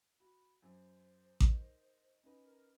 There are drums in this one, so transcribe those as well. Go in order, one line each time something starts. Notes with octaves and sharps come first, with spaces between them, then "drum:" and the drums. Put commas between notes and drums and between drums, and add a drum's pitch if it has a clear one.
F#4 B5
F#2 C5
D#4 A#4, drum: kick A1
C#4 D#4 B4
A#4